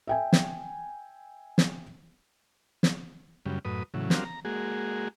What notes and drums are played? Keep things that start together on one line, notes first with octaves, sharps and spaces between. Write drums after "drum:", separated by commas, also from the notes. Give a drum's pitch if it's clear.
E5 G5 G#5
drum: snare
drum: snare
drum: snare
F#2 C#3 G3
F#2 A2 B4 D#6
A2 C#3 E3 F#3
G3 C4 D4 F#4 A#4 F5, drum: snare
A#5
G#3 A#3 F#4 G#4